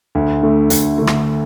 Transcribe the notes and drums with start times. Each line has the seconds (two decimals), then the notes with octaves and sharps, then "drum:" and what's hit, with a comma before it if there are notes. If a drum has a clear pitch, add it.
0.15 D2
0.42 D3 A3
0.70 D2, drum: hi-hat
0.98 D3 A3
1.07 drum: rim click